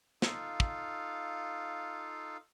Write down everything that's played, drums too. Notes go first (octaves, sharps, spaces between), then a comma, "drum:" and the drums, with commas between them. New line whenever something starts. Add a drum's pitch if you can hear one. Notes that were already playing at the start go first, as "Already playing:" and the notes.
D#4 F4 A4 F5, drum: snare
drum: kick